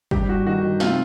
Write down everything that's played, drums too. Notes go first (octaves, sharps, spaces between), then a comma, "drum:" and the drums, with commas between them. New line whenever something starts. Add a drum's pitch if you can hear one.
G2 G4, drum: kick
G2 F#4
D#3 F#4
D#3
C3 F4, drum: snare